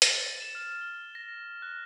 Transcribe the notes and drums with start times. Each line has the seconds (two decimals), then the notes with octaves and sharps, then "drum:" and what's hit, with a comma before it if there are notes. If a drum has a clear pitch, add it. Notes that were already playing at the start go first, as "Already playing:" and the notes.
0.02 A6, drum: hi-hat
0.40 E7
0.55 F6
0.81 G7
1.15 A#6
1.62 F#6